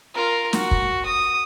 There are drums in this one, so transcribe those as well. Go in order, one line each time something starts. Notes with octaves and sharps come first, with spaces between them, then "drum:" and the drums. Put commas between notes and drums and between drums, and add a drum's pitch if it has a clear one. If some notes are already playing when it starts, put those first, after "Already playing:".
F4 A#4
F#4, drum: snare
drum: kick
D#6